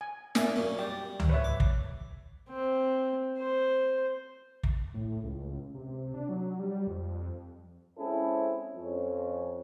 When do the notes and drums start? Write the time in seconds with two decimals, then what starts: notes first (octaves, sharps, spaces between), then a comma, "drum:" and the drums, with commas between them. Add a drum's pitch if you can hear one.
0.01 G#5
0.35 A#2 E5 G#5 D#6, drum: snare
0.56 F#2 A#2 C#4
0.79 G3 D5 G5 D6
1.20 drum: tom C#2
1.29 B4 C#5 E5
1.44 D6
1.60 drum: kick
2.49 C4
3.38 C5
4.63 drum: kick
4.94 A2
5.24 C#2
5.74 C3
6.14 D4
6.29 F#3
6.59 G3
6.87 F2
7.98 G#3 C4 C#4 E4 G#4 A4
8.76 F2 C#4